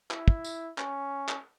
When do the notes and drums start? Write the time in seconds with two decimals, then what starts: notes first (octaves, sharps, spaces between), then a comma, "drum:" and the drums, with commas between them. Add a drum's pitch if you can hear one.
0.11 E4, drum: clap
0.28 drum: kick
0.44 drum: tambourine
0.78 C#4, drum: clap
1.29 drum: clap